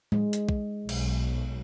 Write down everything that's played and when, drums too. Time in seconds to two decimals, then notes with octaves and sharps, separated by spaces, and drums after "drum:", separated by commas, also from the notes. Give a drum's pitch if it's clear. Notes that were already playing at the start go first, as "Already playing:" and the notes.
0.12 G#3, drum: tom A2
0.33 drum: hi-hat
0.49 drum: kick
0.89 B1, drum: cymbal